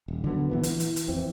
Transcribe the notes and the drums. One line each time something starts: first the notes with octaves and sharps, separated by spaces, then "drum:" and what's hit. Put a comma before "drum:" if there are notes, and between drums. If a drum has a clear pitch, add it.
D#1
D3 F#3 B3
A#2 E3 B3
E3, drum: hi-hat
drum: hi-hat
drum: hi-hat
F2 E3 C4